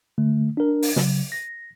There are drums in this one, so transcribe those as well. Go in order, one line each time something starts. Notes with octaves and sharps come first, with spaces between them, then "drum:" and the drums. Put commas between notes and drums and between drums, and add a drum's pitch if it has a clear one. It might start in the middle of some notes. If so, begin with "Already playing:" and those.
D3 A3
D4 A#4
drum: open hi-hat
C#3 F#3, drum: snare
A#6